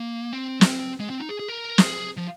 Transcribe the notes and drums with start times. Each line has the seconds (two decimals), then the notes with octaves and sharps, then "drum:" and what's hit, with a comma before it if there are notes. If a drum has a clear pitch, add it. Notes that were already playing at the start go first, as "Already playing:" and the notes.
Already playing: A#3
0.33 C4
0.61 C4, drum: snare
1.00 G#3
1.10 C4
1.19 D#4
1.29 G#4
1.39 G#4
1.48 A#4
1.78 G#4, drum: snare
2.17 F3